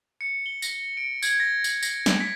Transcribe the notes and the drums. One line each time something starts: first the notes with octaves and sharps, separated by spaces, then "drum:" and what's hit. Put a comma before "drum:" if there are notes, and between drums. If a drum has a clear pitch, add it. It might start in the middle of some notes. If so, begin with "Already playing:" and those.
C#7
G7
A#6, drum: tambourine
D7
G#6, drum: tambourine
A#6
drum: tambourine
A#6, drum: tambourine
drum: snare
B6